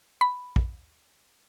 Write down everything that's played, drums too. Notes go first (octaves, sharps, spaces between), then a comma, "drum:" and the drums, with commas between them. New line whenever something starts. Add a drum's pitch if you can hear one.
B5
drum: kick